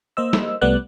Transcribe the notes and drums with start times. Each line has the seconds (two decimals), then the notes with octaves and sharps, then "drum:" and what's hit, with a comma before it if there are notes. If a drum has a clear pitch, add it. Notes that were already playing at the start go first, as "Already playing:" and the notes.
0.17 A#3 C5 D#5 E6
0.33 drum: snare
0.61 C2 G3 A3 B3 D5 F#6